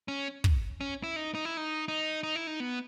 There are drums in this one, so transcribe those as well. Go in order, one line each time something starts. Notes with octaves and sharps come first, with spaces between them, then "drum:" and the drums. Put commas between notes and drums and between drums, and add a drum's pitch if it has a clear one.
C#4
drum: kick
C#4
E4
D#4
D#4
E4
D#4
D#4
D#4
E4
D#4
B3